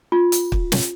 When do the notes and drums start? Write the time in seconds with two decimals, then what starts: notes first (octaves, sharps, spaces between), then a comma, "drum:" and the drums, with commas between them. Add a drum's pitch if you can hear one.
0.12 F4
0.32 drum: hi-hat
0.52 drum: kick
0.72 drum: snare